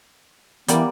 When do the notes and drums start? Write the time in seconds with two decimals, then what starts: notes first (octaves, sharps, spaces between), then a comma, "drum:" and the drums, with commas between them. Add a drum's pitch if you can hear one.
0.68 E3 G3 A#3 B3 D5, drum: hi-hat